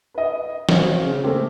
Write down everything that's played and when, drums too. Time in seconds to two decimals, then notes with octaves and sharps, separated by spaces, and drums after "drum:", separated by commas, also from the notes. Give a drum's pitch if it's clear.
0.14 B4 D#5
0.69 C4 F#4 C#5 F5, drum: snare
1.02 C#3
1.24 A3 A#3 C4 G4